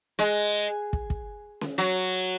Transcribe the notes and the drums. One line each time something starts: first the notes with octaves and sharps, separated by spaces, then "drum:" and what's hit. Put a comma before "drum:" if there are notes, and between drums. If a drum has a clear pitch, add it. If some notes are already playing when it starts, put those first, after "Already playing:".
G#3
drum: kick
drum: kick
drum: snare C#4
F#3